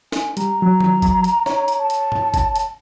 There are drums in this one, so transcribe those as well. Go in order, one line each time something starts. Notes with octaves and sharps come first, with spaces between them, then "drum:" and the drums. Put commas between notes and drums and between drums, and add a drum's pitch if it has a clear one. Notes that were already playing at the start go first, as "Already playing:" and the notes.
G#5, drum: snare
G3 A#5, drum: hi-hat
F#3
drum: tom
drum: kick, hi-hat
drum: hi-hat
C#5, drum: snare
drum: hi-hat
A5
drum: hi-hat
drum: tom G2
drum: kick, hi-hat
drum: hi-hat